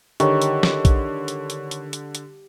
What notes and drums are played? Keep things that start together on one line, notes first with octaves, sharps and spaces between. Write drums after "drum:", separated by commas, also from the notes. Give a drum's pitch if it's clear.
D3 D#3 G4 C#5 C#6, drum: hi-hat
drum: hi-hat
drum: snare
drum: kick, hi-hat
drum: hi-hat
drum: hi-hat
drum: hi-hat
drum: hi-hat
drum: hi-hat